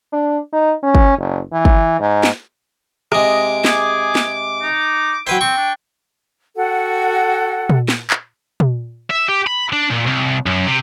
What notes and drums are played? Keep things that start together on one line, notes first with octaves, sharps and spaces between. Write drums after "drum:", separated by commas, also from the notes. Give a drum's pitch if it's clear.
D4
D#4
C#4
drum: kick
F#1
E3
drum: kick
G#2
drum: snare
C3 G#3 D#5 D6, drum: rim click
G#4, drum: snare
drum: snare
D#4
F#3 E4 B4 C5 G5
C4 C#6
D4
F#4 A4 F#5 G5
drum: tom
drum: snare
drum: clap
drum: tom
E5
G4
B5
D4
A#2
C2
F#2
C3